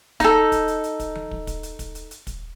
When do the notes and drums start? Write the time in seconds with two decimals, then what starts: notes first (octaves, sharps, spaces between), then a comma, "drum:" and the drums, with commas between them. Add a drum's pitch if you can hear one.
0.20 D#4 A4, drum: kick, hi-hat
0.52 drum: kick, hi-hat
0.68 drum: hi-hat
0.84 drum: hi-hat
1.00 drum: kick, hi-hat
1.15 drum: tom F3
1.31 drum: kick
1.47 drum: kick, hi-hat
1.63 drum: hi-hat
1.79 drum: kick, hi-hat
1.95 drum: hi-hat
2.11 drum: hi-hat
2.27 drum: kick, hi-hat